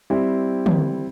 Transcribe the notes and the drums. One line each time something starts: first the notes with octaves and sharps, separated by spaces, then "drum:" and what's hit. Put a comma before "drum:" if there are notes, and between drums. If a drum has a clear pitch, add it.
G3 C4 E4
drum: tom